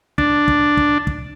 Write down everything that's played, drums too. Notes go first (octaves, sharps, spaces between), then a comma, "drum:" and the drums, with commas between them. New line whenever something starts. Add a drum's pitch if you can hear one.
D4, drum: kick
drum: kick
drum: kick
drum: kick